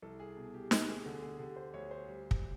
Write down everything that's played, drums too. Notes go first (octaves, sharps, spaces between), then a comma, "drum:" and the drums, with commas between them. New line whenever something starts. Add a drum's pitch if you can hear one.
C2 A4
G#4
B2
G4
D2 G4, drum: snare
G#4
D3 A4
G#4
D3 G4
C5
D2 C#5
C5
G3
drum: kick